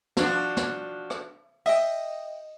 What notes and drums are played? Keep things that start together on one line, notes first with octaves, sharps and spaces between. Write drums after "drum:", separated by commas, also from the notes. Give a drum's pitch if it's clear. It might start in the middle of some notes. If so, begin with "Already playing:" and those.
F3 D4 F#4, drum: snare
drum: snare
drum: rim click
D#5 E5 G5, drum: open hi-hat